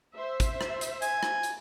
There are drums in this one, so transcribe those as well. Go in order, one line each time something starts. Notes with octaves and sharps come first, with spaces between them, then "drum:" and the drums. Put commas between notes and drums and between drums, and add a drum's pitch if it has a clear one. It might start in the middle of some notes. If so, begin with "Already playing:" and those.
C5 E5
drum: kick, hi-hat
drum: rim click
drum: hi-hat
G#5, drum: hi-hat
drum: rim click
drum: hi-hat